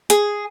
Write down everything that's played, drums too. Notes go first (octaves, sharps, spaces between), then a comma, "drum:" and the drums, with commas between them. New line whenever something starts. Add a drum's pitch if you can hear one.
G#4, drum: hi-hat